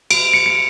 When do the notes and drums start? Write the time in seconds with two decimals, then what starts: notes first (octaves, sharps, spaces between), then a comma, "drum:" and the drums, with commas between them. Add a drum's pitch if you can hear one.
0.11 D7, drum: cymbal
0.34 C#7
0.46 C#7